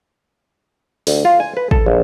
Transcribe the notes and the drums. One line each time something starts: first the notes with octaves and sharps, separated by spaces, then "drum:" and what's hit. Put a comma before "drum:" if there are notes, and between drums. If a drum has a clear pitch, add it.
D2, drum: open hi-hat
F4
G#5
B4
A4, drum: kick
A#1